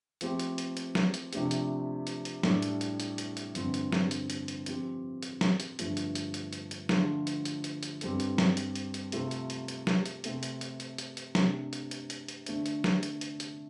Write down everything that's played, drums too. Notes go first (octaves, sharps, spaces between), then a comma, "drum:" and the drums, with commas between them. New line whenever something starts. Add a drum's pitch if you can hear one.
F3 A3 C4 G4, drum: hi-hat
drum: hi-hat
drum: hi-hat
drum: hi-hat
drum: snare
drum: hi-hat
C3 F3 A3 D4 G4, drum: hi-hat
drum: hi-hat
drum: hi-hat
drum: hi-hat
A2 G3 D4 A4, drum: snare
drum: hi-hat
drum: hi-hat
drum: hi-hat
drum: hi-hat
drum: hi-hat
G2 D3 F3 C4, drum: hi-hat
drum: hi-hat
drum: snare
drum: hi-hat
drum: hi-hat
drum: hi-hat
F3 C4 G4, drum: hi-hat
drum: hi-hat
drum: snare
drum: hi-hat
G2 D3 F3 A3, drum: hi-hat
drum: hi-hat
drum: hi-hat
drum: hi-hat
drum: hi-hat
drum: hi-hat
D3 F3 A3 F4, drum: snare
drum: hi-hat
drum: hi-hat
drum: hi-hat
drum: hi-hat
G2 G3 C4 A4, drum: hi-hat
drum: hi-hat
drum: snare
drum: hi-hat
drum: hi-hat
drum: hi-hat
C3 A3 F4 A4, drum: hi-hat
drum: hi-hat
drum: hi-hat
drum: hi-hat
drum: snare
drum: hi-hat
C3 A3 C4 A4, drum: hi-hat
drum: hi-hat
drum: hi-hat
drum: hi-hat
drum: hi-hat
drum: hi-hat
C3 A3 D4, drum: snare
drum: hi-hat
drum: hi-hat
drum: hi-hat
drum: hi-hat
D3 A3 D4, drum: hi-hat
drum: hi-hat
drum: snare
drum: hi-hat
drum: hi-hat
drum: hi-hat